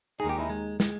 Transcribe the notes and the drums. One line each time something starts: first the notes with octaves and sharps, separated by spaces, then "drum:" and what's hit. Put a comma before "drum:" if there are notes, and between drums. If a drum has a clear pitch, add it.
D#2 D#3 G#3 D#4 G#4
G4
E4
G#3
G#3, drum: snare